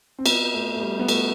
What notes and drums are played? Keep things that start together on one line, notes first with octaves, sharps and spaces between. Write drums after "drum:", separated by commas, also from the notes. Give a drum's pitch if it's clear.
C4
B3, drum: cymbal
A3
A3
G3
B3
A3, drum: cymbal